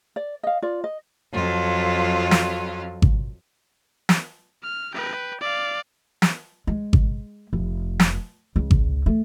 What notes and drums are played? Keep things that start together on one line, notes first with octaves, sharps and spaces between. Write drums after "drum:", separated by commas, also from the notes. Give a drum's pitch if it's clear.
D5
D#5 F5
F4 D5
D#5
F2 F#3 F4 A4
drum: snare
drum: kick G#1
drum: snare
F6
B4 G5
D5 F5
drum: snare
G#3
drum: kick G#1
F1
drum: snare
C#2
drum: kick G#1
A3